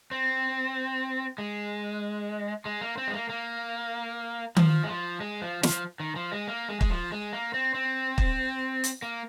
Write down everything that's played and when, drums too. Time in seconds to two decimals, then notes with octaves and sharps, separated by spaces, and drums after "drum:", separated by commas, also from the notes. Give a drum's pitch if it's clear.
0.11 C4
1.38 G#3
2.65 G#3
2.81 A#3
2.98 C4
3.07 G#3
3.14 A#3
3.29 A#3
4.57 F3, drum: tom D#3
4.83 G#3
4.88 F3
5.20 G#3
5.42 F3
5.63 F3, drum: snare
6.00 D#3
6.16 F3
6.32 G#3
6.48 A#3
6.69 G#3
6.81 G#3, drum: kick
6.90 F3
7.12 G#3
7.33 A#3
7.54 C4
7.75 C4
8.18 drum: kick
8.84 drum: hi-hat
9.02 A#3